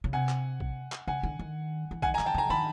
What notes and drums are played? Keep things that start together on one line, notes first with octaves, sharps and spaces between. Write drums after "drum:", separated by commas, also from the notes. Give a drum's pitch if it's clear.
C#3
C3 F#5 G#5
drum: clap
drum: kick A#1
drum: clap
C#3 F#5 G#5
D3
D#3
E3
D#3 F#5 G#5, drum: kick A#1
G#5 A#5
D#3, drum: clap
G5 A5
D3 G#5 A#5
D#3 A5 B5